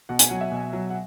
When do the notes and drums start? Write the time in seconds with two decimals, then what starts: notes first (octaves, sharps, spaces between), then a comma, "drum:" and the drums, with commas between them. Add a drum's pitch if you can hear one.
0.09 B2 F#5
0.19 G#5, drum: hi-hat
0.30 F#3 F#5
0.41 E5
0.52 B2
0.73 F#3
0.90 F#5